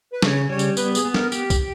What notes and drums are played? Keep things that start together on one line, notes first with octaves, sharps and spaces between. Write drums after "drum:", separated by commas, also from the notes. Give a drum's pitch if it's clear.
B4
C#3 C#5, drum: snare
G3 C#5
drum: tambourine
B3 B4, drum: tambourine
G#4, drum: tambourine
B3
A#4, drum: snare
G4, drum: tambourine
drum: kick C2, tambourine